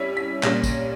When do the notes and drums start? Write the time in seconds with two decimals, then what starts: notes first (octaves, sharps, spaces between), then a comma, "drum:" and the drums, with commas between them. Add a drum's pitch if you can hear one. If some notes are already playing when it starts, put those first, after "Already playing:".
Already playing: G3 C#4 E4 B6
0.17 B6
0.43 A#2 G3 C#4 A#6, drum: clap
0.63 drum: kick, tambourine